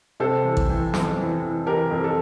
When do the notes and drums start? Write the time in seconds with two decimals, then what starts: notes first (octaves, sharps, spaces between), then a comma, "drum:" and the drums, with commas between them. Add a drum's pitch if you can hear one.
0.20 C3 A4 C5
0.44 E3
0.57 drum: kick A1
0.69 E3
0.94 F2, drum: snare
1.18 E3
1.42 E3
1.67 E3 G4 A#4
1.91 F2
2.04 A4